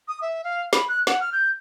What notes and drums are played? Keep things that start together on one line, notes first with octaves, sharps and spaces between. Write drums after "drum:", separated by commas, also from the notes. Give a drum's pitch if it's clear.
D#6
E5
F5
B5, drum: snare
F#6
F#5, drum: snare
F6
G6